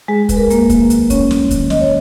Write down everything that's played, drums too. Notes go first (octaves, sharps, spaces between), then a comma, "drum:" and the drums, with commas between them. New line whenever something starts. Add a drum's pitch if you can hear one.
G#3 G#4
E2 B4, drum: kick, hi-hat
A#4
G#4
A#3 A#4, drum: hi-hat
D#3 F#3, drum: kick, hi-hat
drum: hi-hat
E2 C#4 C#5, drum: kick, hi-hat
drum: snare
D#3 F#3, drum: kick, hi-hat
D#5, drum: snare
C#5